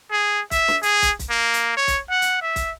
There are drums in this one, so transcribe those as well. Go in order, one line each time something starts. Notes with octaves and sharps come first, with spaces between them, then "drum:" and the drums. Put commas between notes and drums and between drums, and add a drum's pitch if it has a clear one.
G#4
E5, drum: kick, hi-hat
drum: snare
G#4, drum: hi-hat
drum: kick, hi-hat
drum: kick, hi-hat
A#3
drum: hi-hat
C#5
drum: kick, hi-hat
F#5
drum: hi-hat
E5
drum: kick, hi-hat